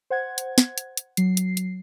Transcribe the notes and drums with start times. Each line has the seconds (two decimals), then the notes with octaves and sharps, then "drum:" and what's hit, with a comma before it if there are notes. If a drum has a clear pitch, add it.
0.10 C5 F#5 G#6
0.38 drum: hi-hat
0.58 drum: snare
0.78 drum: hi-hat
0.97 drum: hi-hat
1.17 F#3 C7, drum: hi-hat
1.37 drum: hi-hat
1.57 drum: hi-hat